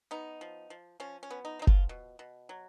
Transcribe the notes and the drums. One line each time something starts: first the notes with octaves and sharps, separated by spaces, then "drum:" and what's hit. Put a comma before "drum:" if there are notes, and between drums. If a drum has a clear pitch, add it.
B3 D#4
F3
F3
F3 C#4
C#4
B3
D#4
F3 D#4
F4, drum: kick F#1
B2
B2
F#3